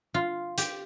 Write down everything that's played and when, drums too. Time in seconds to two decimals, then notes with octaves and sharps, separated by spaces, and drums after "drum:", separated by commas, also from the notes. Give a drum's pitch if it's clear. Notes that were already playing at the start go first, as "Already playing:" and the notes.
0.14 F4
0.58 G4, drum: hi-hat